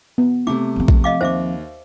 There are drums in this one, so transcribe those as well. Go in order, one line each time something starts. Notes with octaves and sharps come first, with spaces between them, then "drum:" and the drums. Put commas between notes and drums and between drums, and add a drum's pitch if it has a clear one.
B3
C3 A3 D6
F3 C4
drum: kick A#1
D#5 F5 D6
D#2 C5 E5 D6